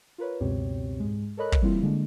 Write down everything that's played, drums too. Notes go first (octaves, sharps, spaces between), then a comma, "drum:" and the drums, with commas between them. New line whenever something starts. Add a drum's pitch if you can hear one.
F4 A#4 B4 C#5
C#2 F#2 B2 C4 G4 C#5
G#2 G#3
A4 A#4 C#5 D#5 B5 F#6
drum: kick
E3 G3 A#3 C4 E4 F4
D3 G#3 A#3 D4